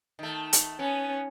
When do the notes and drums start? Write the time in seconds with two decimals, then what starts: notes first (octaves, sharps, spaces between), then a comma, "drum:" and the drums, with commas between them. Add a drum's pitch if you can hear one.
0.19 D#3 A3
0.53 drum: hi-hat
0.79 B3 C#4